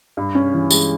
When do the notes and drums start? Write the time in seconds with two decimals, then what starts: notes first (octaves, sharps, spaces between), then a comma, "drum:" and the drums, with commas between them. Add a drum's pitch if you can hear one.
0.17 G2
0.35 C#4
0.54 E3
0.71 G#3, drum: tambourine